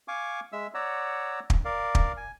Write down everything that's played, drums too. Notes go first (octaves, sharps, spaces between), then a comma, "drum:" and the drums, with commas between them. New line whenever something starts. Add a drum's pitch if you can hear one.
F5 G#5 C#6 D6
G#3 E5 E6
C#5 D5 F#5 A#5 E6
drum: kick
A#4 D5 F5
drum: kick
G#5